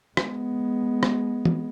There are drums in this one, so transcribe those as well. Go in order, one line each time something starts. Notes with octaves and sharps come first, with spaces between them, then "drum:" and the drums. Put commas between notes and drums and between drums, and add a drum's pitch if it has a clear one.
G#3 B3, drum: rim click
drum: rim click
drum: tom